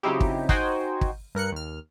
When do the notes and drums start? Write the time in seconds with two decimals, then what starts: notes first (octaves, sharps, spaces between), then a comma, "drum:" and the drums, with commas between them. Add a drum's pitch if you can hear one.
0.03 C#3 F#3 C4 D#4 E4 G4
0.20 drum: kick
0.49 D#4 F#4 C5 G5 G#5, drum: kick
1.01 drum: kick
1.35 G2 A#4 F#6 C#7
1.52 D#2 F6